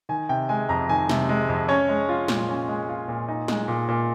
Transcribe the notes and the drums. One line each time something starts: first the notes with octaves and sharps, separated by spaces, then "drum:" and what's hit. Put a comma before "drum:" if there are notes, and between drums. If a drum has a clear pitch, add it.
D#3 G#5
C3 G5
G#3 G#5
F2 A#5
D#3 G#5
C3, drum: snare
G#3
F2
C#4 C#5
G#3
F4
A#2, drum: snare
C#4
G#3
F4
A#2
D#4
G#3, drum: snare
A#2
A#2